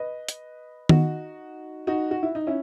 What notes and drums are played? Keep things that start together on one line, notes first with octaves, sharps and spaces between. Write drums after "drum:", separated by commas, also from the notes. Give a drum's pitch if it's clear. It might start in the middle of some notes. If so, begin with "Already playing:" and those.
Already playing: B4 D#5
drum: hi-hat
D#4 F#4, drum: tom D#3
D#4 F#4
F#4
E4
D#4
C#4 E4